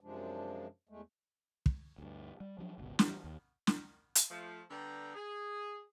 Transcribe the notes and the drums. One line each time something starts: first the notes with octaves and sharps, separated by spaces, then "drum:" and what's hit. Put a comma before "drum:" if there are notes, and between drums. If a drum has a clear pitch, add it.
F#2 C3 F3 G#3 D4
E2 G#3 A3
drum: kick
D2 G2
G3
F3 F#3 C4 D4
G1 C#2 B2
E3 G3, drum: snare
D#2
drum: snare
drum: hi-hat
F3 A3
D3 G3 B3 A4 G5 A#5
G#4